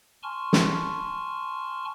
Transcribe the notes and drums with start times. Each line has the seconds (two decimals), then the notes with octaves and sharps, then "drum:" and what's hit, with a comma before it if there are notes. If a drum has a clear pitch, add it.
0.23 G#5 A5 C6 C#6 F6
0.53 drum: snare